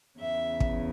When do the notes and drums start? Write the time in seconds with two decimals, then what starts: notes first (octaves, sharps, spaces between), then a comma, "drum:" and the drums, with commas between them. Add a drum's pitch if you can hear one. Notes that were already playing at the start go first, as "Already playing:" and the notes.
0.18 E2 C#3 E5
0.60 drum: kick